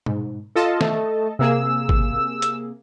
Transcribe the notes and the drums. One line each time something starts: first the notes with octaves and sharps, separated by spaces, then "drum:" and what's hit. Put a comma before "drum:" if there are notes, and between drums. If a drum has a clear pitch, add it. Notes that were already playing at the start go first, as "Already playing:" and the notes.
G#2, drum: tom B2
F4 A4 D#5 A5
A3, drum: snare D#3
C3 A#3 G#4 E6
drum: kick G#1
drum: hi-hat